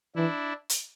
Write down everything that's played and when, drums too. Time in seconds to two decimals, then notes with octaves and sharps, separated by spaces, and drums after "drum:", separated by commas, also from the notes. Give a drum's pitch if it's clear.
0.15 E3 D4 E4
0.69 drum: hi-hat